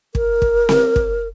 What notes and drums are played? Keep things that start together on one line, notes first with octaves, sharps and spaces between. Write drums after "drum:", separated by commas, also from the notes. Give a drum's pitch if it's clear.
A#4, drum: kick
drum: kick
drum: snare C4
drum: kick